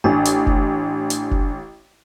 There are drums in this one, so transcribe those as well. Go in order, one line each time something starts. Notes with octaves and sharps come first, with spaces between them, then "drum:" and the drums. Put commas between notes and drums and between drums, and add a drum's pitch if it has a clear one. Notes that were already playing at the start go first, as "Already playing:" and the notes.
A1 D4 G#5
drum: hi-hat
drum: kick F1
drum: hi-hat
drum: kick F1